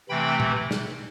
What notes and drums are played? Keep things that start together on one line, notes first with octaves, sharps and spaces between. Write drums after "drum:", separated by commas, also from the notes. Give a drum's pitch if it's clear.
C3 E3 A3 C4 G5 B5
drum: tom A#2
drum: snare